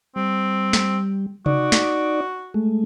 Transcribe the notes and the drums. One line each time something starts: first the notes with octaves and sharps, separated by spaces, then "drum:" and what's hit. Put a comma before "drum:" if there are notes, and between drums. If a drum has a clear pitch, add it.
G3 C4
drum: snare
D#4 F#4 D5, drum: tom C3
drum: snare
G#3 A3